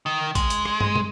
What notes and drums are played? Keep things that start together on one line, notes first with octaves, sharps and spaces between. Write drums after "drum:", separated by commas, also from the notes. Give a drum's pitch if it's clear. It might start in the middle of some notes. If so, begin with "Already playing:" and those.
D#3
G#3, drum: kick A1, hi-hat
drum: hi-hat
drum: rim click
drum: tom
drum: tom